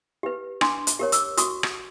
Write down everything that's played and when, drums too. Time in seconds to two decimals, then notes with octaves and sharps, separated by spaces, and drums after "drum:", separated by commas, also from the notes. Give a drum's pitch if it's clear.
0.23 G4 B4
0.61 D4 C6 D6, drum: rim click
0.87 drum: hi-hat
0.99 G4 A#4 C#5
1.12 D6 E6, drum: hi-hat
1.37 F#4 C#6 D#6, drum: hi-hat
1.63 drum: rim click